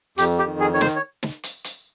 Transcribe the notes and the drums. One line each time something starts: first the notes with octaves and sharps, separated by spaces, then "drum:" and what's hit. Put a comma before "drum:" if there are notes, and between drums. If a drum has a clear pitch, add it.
F2 G4, drum: hi-hat
G4
D#3
G#4
D#3 C#5
C5, drum: snare
C#5
drum: snare
drum: hi-hat
drum: hi-hat